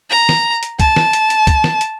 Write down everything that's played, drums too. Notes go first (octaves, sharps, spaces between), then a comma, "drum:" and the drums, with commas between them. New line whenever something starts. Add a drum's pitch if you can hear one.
A#5
drum: snare
drum: hi-hat
A5, drum: kick, hi-hat
drum: snare
drum: hi-hat
drum: hi-hat
drum: kick, hi-hat
drum: snare
drum: hi-hat